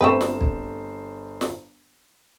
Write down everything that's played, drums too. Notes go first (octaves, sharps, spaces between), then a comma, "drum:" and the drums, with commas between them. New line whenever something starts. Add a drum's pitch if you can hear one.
G1 A3 C4 B4 C5 E7
drum: snare
drum: kick
drum: snare